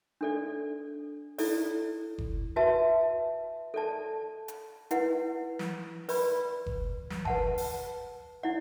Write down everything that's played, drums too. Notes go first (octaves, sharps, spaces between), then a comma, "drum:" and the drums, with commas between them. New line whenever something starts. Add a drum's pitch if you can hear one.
D4 A4 D5
E4 A4 D5, drum: open hi-hat
drum: kick F#1
F#4 B4 E5 A5
A4 D5 A5
drum: hi-hat
E4 B4 F#5, drum: hi-hat
drum: snare
B4 D5 B5, drum: open hi-hat
drum: kick F#1
drum: snare
B4 F#5 A5, drum: kick F#1
drum: open hi-hat
E4 D5 F#5